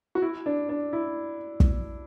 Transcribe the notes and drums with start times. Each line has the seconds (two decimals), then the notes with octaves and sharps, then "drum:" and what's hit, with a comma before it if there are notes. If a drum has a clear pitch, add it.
0.15 F#4
0.22 E4
0.46 D4
0.69 D4
0.93 E4
1.60 drum: kick